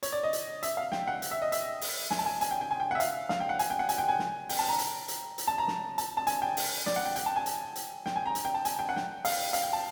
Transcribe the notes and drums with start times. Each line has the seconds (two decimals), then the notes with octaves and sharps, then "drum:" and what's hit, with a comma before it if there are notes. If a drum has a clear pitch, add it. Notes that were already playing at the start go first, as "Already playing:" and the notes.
0.03 C#5, drum: hi-hat
0.12 D5
0.23 D#5
0.33 drum: hi-hat
0.63 E5, drum: hi-hat
0.77 F5
0.92 G5, drum: snare
1.07 F#5
1.22 drum: hi-hat
1.31 E5
1.42 D#5
1.52 E5, drum: hi-hat
1.81 drum: open hi-hat
2.11 G#5, drum: snare
2.19 A5
2.26 G#5
2.41 G#5, drum: hi-hat
2.51 G5
2.61 G5
2.71 G#5
2.80 G5
2.91 F#5
2.95 E5
3.00 F5, drum: hi-hat
3.29 F5, drum: snare
3.40 G5
3.49 F#5
3.59 G#5, drum: hi-hat
3.70 G5
3.79 F#5
3.89 G#5, drum: hi-hat
3.98 G5
4.08 G#5
4.19 drum: snare
4.49 G5, drum: open hi-hat
4.59 A5
4.68 A#5
4.78 drum: hi-hat
5.08 drum: hi-hat
5.38 drum: hi-hat
5.48 A5
5.58 A#5
5.68 drum: snare
5.98 A5, drum: hi-hat
6.17 A5
6.27 G#5, drum: hi-hat
6.42 G5
6.57 drum: open hi-hat
6.86 D5, drum: snare
6.96 F#5
7.06 G5
7.16 G5, drum: hi-hat
7.26 A5
7.36 G#5
7.46 drum: hi-hat
7.76 drum: hi-hat
8.06 G5, drum: snare
8.16 G#5
8.26 A#5
8.35 drum: hi-hat
8.45 G5
8.54 A5
8.65 G#5, drum: hi-hat
8.79 G5
8.89 F#5
8.96 G5, drum: snare
9.25 F5, drum: open hi-hat
9.53 F5, drum: hi-hat
9.63 G5
9.73 A5